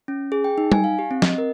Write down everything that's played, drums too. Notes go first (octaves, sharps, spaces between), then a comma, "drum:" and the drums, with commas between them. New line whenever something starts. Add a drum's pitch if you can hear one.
C#4
G#4
G5
D#4
G#5, drum: tom G3
F5
G4
C4
D#5, drum: snare
A#4